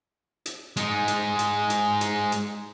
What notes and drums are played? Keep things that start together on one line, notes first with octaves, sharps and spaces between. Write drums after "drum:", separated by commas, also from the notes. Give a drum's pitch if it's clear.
drum: hi-hat
G#3 D#4, drum: hi-hat
drum: hi-hat
drum: hi-hat
drum: hi-hat
drum: hi-hat
drum: hi-hat